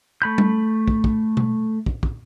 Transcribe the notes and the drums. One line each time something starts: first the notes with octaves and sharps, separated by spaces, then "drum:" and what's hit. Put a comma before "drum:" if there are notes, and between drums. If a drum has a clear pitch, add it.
A3 B5 G6
drum: tom G3
drum: kick
drum: kick
drum: tom B2
drum: kick
drum: kick